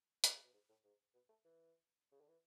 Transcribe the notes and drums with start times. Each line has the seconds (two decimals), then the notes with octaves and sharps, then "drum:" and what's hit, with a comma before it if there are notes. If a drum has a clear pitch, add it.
0.24 D3, drum: hi-hat
0.33 C#3
0.43 B2
0.53 G#2
0.69 A2
0.84 G#2
1.14 B2
1.29 A3
1.45 E3
2.12 C#3
2.21 D3
2.28 E3